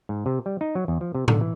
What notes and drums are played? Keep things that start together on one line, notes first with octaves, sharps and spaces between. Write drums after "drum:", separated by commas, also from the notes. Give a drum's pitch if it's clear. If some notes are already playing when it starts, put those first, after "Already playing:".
G#2
C3
G3
D#4
F#3
E2
F3
C3
D3, drum: tom A2
E3